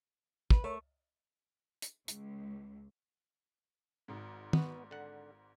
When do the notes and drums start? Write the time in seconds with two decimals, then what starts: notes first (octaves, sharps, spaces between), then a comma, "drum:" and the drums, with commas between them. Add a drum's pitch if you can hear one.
0.51 B4, drum: kick
0.64 A3 A#4 C#5 C#6
1.82 drum: hi-hat
2.08 C#2, drum: hi-hat
4.08 G#1 G#2
4.53 B3 F#4, drum: tom
4.91 D3 F#5